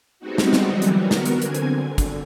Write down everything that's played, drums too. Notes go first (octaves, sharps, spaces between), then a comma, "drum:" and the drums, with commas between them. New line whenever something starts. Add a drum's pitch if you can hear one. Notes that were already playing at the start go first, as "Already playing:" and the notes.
G3 G#3 B3 C4 D#4 F#4
drum: snare
drum: snare
D3 E3 F#3 G3
drum: hi-hat
B3 F#4 A#4
drum: snare
drum: hi-hat
D3 C4 G#5 G#6, drum: hi-hat
drum: hi-hat
D3
drum: kick, hi-hat